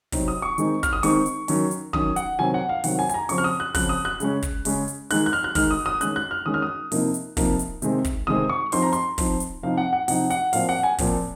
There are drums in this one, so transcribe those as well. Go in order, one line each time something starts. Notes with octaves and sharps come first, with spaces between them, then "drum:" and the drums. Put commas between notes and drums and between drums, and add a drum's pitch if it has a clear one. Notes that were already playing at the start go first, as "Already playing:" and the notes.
C3 F#3 C4 D#4, drum: kick, open hi-hat
D#6
C#6
D#3 G#3 C4 D#4, drum: hi-hat
F6, drum: kick, hi-hat
D#6
D#3 G#3 C4 D#4 C#6, drum: open hi-hat
drum: hi-hat
D#3 F#3 C#4, drum: open hi-hat
drum: hi-hat
D#3 F#3 C#4 D#6, drum: kick
F#5, drum: hi-hat
C3 D#3 F#3 C4 G#5
F#5
F5
C3 D#3 F#3 C4 F#5, drum: open hi-hat
G#5
G#5, drum: hi-hat
A#5
C#3 F3 C4 C#6, drum: open hi-hat
F6
D#6
F#6
C#3 F3 C4 F#6, drum: kick, open hi-hat
D#6
F#6
C#3 G#3 C#4, drum: hi-hat
drum: kick, hi-hat
C#3 G#3 C#4, drum: open hi-hat
drum: hi-hat
D#3 G#3 D#4 F#6, drum: open hi-hat
F#6
F6
F#6
D#3 G#3 D#4 F6, drum: kick, open hi-hat
D#6
D#6
D#3 G#3 C#4 F#6, drum: hi-hat
F#6
F6
D#3 G#3 C#4 D#6
F6
D#6
C3 F3 A#3 D#4, drum: open hi-hat
drum: hi-hat
C3 F3 A#3 D#4, drum: kick, open hi-hat
drum: hi-hat
C3 D#3 G#3 C4, drum: hi-hat
drum: kick, hi-hat
C3 D#3 G#3 C4 D#6
C#6
F3 C4 D#4 C6, drum: open hi-hat
A#5
C6, drum: hi-hat
F3 C4 D#4, drum: kick, open hi-hat
drum: hi-hat
C3 F3 C4 D#4 F5
F#5
F#5
C3 F3 C4 D#4 F#5, drum: open hi-hat
F#5, drum: hi-hat
A#2 F3 C4 F5, drum: open hi-hat
F#5
G#5
A#2 F3 C4, drum: kick, open hi-hat